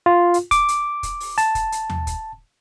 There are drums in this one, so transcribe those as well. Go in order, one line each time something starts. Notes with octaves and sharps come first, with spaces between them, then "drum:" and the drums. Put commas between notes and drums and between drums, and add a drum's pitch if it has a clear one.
F4
drum: hi-hat
D6, drum: kick, hi-hat
drum: hi-hat
drum: kick, hi-hat
drum: open hi-hat
A5, drum: hi-hat
drum: kick, hi-hat
drum: hi-hat
drum: tom D#2
drum: kick, hi-hat